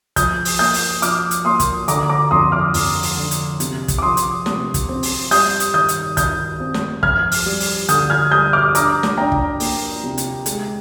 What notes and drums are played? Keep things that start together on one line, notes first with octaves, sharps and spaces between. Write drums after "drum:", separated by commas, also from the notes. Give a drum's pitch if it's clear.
F3 D#6 G6, drum: kick, hi-hat
drum: open hi-hat
A#3 D#6 G6
drum: open hi-hat
F3 D6 F6, drum: hi-hat
drum: hi-hat
A#3 C6 D#6
drum: kick, hi-hat
D3 A#5 D6, drum: hi-hat
A#5 D6
F2 C6 D#6
D6 F6
F2, drum: open hi-hat
drum: open hi-hat
D3
drum: hi-hat
C3, drum: hi-hat
drum: kick, hi-hat
D6
F3 C6 D#6
drum: hi-hat
C3, drum: snare
drum: kick, hi-hat
C4
drum: open hi-hat
G3 D#6 G6, drum: open hi-hat
drum: hi-hat
D#3 D#6 G6
drum: hi-hat
D#3 D#6 G6, drum: kick, hi-hat
C4
drum: snare
F2 F6 G#6, drum: kick
drum: open hi-hat
G3
drum: open hi-hat
D3 D#6 G6, drum: hi-hat
F6 G#6
G3 D#6 G6
D6 F6
D4 A#5 D6, drum: hi-hat
drum: snare
D4 G5 A#5
drum: kick
A#3, drum: open hi-hat
C3
drum: hi-hat
G#3, drum: hi-hat